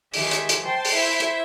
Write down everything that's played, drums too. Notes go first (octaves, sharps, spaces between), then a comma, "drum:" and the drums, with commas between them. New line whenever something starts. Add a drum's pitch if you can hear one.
D#3 G#3 G4 E5, drum: open hi-hat
drum: hi-hat
drum: hi-hat
C5 G5 A5 C6
drum: open hi-hat
E4 C5 E5
drum: hi-hat